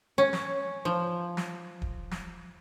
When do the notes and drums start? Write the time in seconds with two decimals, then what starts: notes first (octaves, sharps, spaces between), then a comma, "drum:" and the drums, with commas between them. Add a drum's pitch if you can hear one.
0.18 C#4
0.33 drum: snare
0.85 F3
1.37 drum: snare
1.82 drum: kick
2.11 drum: snare